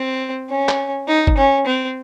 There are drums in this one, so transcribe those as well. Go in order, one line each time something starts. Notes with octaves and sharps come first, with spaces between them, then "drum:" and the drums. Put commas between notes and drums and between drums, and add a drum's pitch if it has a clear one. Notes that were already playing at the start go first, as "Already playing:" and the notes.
Already playing: C4
C#4
drum: clap
D#4
drum: kick G1
C#4
C4